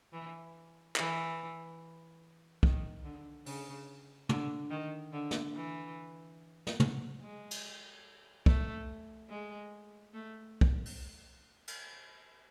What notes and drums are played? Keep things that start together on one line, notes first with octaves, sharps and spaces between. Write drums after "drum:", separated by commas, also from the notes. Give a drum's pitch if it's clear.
E3
E3, drum: clap
D#3, drum: kick
D3
C#3, drum: open hi-hat
D3, drum: tom
D#3
D3
drum: snare
E3
drum: snare
F#3, drum: tom
G#3
drum: cymbal
A3, drum: kick
G#3
A3
drum: kick
drum: open hi-hat
drum: cymbal